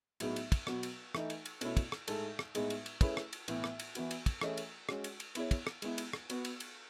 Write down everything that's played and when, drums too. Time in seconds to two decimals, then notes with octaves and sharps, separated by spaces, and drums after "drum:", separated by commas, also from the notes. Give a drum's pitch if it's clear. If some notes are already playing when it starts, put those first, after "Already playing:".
0.20 A2 F#3 B3 D#4 G#4, drum: cymbal
0.36 drum: cymbal
0.52 drum: kick, cymbal
0.67 B2 F#3 B3 F#4, drum: rim click
0.83 drum: cymbal
1.15 E3 A3 D#4, drum: rim click
1.30 drum: cymbal
1.45 drum: cymbal
1.61 B2 A3 C#4 E4, drum: cymbal
1.77 drum: kick, cymbal
1.92 drum: rim click
2.08 A2 G#3 D#4 A4, drum: cymbal
2.39 drum: rim click
2.55 A2 G#3 B3 D#4 G#4, drum: cymbal
2.70 drum: cymbal
2.86 drum: cymbal
3.01 A3 C#4 E4 G#4 B4, drum: kick, cymbal
3.17 drum: rim click
3.33 drum: cymbal
3.48 A2 E3 B3 E4, drum: cymbal
3.64 drum: rim click
3.79 drum: cymbal
3.95 E3 B3 F#4, drum: cymbal
4.11 drum: cymbal
4.26 drum: kick, cymbal
4.41 E3 A3 C#4 G#4 D#5, drum: rim click
4.57 drum: cymbal
4.89 G#3 C#4 F#4, drum: rim click
5.04 drum: cymbal
5.20 drum: cymbal
5.35 B3 E4 G#4 C#5, drum: cymbal
5.51 drum: kick, cymbal
5.67 drum: rim click
5.82 G#3 B3 E4, drum: cymbal
5.98 drum: cymbal
6.13 drum: rim click
6.30 B3 F#4 B4, drum: cymbal
6.45 drum: cymbal
6.60 drum: cymbal